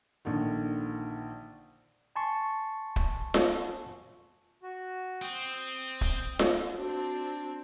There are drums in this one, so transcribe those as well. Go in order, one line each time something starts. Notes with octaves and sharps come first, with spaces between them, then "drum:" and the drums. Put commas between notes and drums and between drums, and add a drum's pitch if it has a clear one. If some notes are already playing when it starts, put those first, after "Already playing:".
A#1 D3 D#3
G#5 A5 C6 C#6
drum: kick
drum: snare F4
F#4
C4 G5 D#6
drum: kick
drum: snare F4
C4 D4 F#4